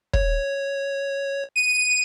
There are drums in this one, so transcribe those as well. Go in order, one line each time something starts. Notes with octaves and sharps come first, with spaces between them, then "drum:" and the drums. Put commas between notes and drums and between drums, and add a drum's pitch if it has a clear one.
C#5, drum: kick
D#7